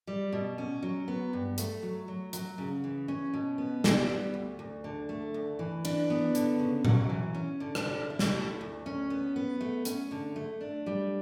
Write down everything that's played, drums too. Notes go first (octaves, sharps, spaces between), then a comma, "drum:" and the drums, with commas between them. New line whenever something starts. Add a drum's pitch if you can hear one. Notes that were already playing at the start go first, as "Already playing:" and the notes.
G3
B2
C#4
F#3
B3
G2
A3, drum: hi-hat
F#3
F#3
F#3, drum: hi-hat
C#3
E3
C#4
B2
B3
G3, drum: snare
B3
D2
D2
D3
A3
D2
E3
D4, drum: cymbal
B3
D3, drum: hi-hat
C#3
F#3, drum: tom A#2
E3
C#4
D3
drum: rim click
D3
E4
drum: snare
A3
D2
C#4
B3
B3
A3
C#4, drum: hi-hat
D3
A3
D4
G3